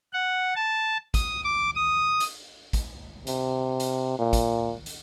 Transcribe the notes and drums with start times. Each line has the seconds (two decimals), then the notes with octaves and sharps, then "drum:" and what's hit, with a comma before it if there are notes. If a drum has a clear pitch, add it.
0.13 F#5
0.55 A5
1.14 D#6, drum: kick, hi-hat
1.44 D6
1.75 D#6
2.20 drum: hi-hat
2.73 drum: kick, hi-hat
3.27 C3, drum: hi-hat
3.80 drum: hi-hat
4.19 A#2
4.33 drum: kick, hi-hat
4.86 drum: hi-hat